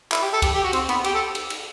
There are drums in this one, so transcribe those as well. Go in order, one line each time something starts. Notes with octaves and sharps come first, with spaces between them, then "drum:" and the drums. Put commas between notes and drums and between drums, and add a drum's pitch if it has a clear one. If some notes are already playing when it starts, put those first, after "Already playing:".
E4, drum: clap
G4
A4
G4, drum: kick C#2, cymbal
G4
F#4
C4, drum: cymbal
B3, drum: cymbal
G4, drum: cymbal
A4
drum: cymbal
drum: cymbal